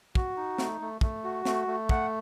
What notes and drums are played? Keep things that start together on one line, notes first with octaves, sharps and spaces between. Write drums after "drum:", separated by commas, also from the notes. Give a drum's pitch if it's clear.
F#4, drum: kick
D#4
A3, drum: snare
A3
A3, drum: kick
F#4
A3, drum: snare
A3
F#5, drum: kick